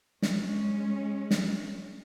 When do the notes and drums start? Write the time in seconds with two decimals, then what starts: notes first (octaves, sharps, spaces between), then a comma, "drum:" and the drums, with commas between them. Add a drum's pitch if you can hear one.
0.22 G#3 C#4, drum: snare
1.31 drum: snare